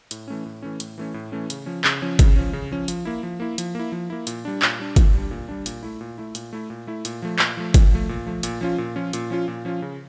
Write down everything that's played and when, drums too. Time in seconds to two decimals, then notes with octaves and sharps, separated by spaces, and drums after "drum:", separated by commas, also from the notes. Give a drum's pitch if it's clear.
0.11 A2, drum: hi-hat
0.28 E3 A3 C#4
0.46 A2
0.62 E3 A3 C#4
0.80 A2, drum: hi-hat
0.98 E3 A3 C#4
1.14 A2
1.32 E3 A3 C#4
1.50 C#3, drum: hi-hat
1.66 F3 C#4
1.84 C#3, drum: clap
2.02 F3 C#4
2.19 C#3, drum: kick G1, hi-hat
2.36 F3 C#4
2.53 C#3
2.71 F3 C#4
2.88 F3, drum: hi-hat
3.05 A#3 E4
3.23 F3
3.40 A#3 E4
3.58 F3, drum: hi-hat
3.75 A#3 E4
3.92 F3
4.10 A#3 E4
4.27 A#2, drum: hi-hat
4.45 G3 D4
4.62 A#2, drum: clap
4.79 G3 D4
4.96 A#2, drum: kick G1, hi-hat
5.14 G3 D4
5.31 A#2
5.49 G3 D4
5.66 A#2, drum: hi-hat
5.83 A3 E4
6.01 A#2
6.18 A3 E4
6.35 A#2, drum: hi-hat
6.53 A3 E4
6.70 A#2
6.87 A3 E4
7.05 A#2, drum: hi-hat
7.22 F3 A3
7.39 A#2, drum: clap
7.57 F3 A3
7.74 A#2, drum: kick G1, hi-hat
7.91 F3 A3
8.09 A#2
8.26 F3 A3
8.43 A#2, drum: hi-hat
8.61 F3 C#4 F4
8.78 A#2
8.96 F3 C#4 F4
9.13 A#2, drum: hi-hat
9.30 F3 C#4 F4
9.48 A#2
9.65 F3 C#4 F4
9.82 C#3